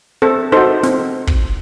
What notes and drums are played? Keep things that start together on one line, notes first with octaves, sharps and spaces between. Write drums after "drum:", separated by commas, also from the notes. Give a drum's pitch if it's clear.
C4 A4
D#4 F#4 A4 C5
C4, drum: snare
drum: kick